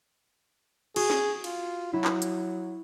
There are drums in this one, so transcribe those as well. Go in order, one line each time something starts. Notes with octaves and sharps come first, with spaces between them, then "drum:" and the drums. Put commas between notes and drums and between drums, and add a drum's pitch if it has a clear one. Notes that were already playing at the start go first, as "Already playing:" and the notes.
F#4 G#4, drum: cymbal
drum: snare
F4, drum: cymbal
F#3 E4
drum: clap
drum: hi-hat